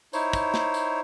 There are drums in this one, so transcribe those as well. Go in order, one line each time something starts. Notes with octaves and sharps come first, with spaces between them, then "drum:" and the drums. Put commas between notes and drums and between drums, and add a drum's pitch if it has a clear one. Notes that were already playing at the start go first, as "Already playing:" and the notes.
D#4 E4 C5 C#5, drum: tambourine
drum: kick, tambourine
drum: snare
drum: tambourine